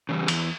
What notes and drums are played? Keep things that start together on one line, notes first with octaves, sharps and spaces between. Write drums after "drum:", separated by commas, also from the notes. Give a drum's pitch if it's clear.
C#3 E3 G3
E2, drum: cymbal